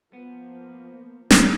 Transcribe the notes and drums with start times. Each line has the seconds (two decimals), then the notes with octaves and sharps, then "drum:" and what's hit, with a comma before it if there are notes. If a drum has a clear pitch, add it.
0.13 F3 A#3 B3
1.30 drum: snare